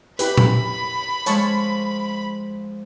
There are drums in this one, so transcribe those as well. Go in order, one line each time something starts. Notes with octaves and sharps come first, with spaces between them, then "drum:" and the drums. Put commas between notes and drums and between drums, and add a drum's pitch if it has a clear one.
E4 G4 B4 B5, drum: hi-hat
drum: tom A#2
F3 G#3 C#5 A5 C#6, drum: hi-hat